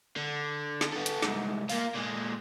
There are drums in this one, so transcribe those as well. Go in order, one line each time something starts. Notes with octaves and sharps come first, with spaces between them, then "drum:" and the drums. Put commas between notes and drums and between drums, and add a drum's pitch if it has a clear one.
D3
drum: snare
B3 A4
drum: hi-hat
C2 G#2, drum: snare
A#3 F4, drum: open hi-hat
A#2 G#3